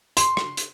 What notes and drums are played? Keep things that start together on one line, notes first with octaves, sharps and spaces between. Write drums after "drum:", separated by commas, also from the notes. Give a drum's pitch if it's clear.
C6, drum: hi-hat
drum: rim click
drum: hi-hat